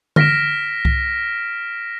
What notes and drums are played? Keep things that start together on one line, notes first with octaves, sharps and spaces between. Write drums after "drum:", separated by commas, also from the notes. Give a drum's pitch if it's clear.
F6 A#6 B6 D7 E7, drum: tom D3
drum: kick C2